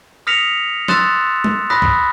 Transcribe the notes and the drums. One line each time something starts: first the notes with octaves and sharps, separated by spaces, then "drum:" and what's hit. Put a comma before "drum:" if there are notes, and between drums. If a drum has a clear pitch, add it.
D#6 F6 A#6 B6 C#7 F7
C6 D#6 E6 F#6 A6 E7, drum: snare
drum: tom G3
B5 D#6 F#6 A#6 B6
drum: kick